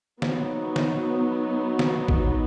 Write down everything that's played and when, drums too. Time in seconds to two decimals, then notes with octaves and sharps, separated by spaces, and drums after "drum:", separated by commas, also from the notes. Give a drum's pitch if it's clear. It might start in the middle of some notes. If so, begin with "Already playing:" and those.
0.22 F#3 B3 D#4, drum: snare
0.76 drum: snare
1.79 drum: snare
2.08 drum: kick